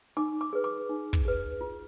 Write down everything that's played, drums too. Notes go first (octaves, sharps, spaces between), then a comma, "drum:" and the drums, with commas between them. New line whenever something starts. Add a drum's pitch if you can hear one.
D#4 D6
D6
G#4 B4
D6
D#4
drum: kick
G#4 B4
F4